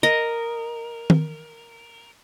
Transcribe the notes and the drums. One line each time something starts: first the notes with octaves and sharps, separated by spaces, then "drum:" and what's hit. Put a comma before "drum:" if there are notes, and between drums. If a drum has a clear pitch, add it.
A#4 D#5
drum: tom D#3